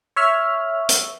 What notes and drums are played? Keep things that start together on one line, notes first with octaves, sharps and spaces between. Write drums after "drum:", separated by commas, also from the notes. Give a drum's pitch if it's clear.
C#5 E5 F6
drum: hi-hat